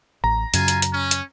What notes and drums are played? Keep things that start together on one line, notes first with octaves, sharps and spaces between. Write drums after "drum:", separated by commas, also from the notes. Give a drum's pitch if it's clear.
A1 A#5
F#2 C#3 F4 G#5, drum: hi-hat
drum: hi-hat
drum: hi-hat
C#4
drum: hi-hat